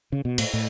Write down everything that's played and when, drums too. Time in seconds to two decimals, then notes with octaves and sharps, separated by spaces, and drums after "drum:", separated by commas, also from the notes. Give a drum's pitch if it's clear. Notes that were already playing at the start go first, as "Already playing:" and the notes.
0.12 C#3
0.25 B2
0.38 A2, drum: cymbal
0.53 A2